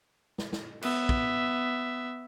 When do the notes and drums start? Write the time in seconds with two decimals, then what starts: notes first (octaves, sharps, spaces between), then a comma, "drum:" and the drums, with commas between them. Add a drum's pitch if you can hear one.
0.38 drum: snare
0.53 drum: snare
0.82 B3 E5, drum: cymbal
1.09 drum: kick